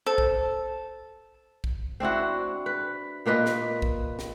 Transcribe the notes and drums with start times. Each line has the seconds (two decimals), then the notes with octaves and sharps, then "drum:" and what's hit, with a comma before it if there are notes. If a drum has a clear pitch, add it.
0.06 A4 C5
0.18 drum: kick
1.64 drum: kick
2.00 C4 D4 E4 F#4
2.66 B4
3.26 A#2 A#3 B4 D#5
3.46 drum: snare
3.82 drum: kick
4.19 drum: snare